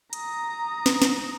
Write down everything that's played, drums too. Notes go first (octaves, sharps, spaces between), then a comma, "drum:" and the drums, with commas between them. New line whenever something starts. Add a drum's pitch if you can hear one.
A#5 D#6, drum: hi-hat
drum: snare
drum: snare